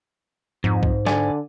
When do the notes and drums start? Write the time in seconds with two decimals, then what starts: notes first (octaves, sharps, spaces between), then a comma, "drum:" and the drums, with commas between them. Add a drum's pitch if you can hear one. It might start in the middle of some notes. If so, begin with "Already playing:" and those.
0.64 F2 G#2
0.83 drum: kick
1.06 D3 D5 G#5, drum: snare